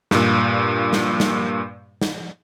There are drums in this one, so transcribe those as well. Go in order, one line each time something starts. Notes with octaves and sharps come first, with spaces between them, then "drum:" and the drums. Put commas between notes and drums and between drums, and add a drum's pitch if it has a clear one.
G2 A#2, drum: snare
drum: snare
drum: snare
drum: snare